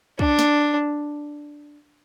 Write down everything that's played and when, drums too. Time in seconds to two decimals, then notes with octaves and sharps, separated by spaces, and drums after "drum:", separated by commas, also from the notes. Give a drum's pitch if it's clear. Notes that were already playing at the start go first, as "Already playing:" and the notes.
0.19 D4, drum: kick
0.39 drum: snare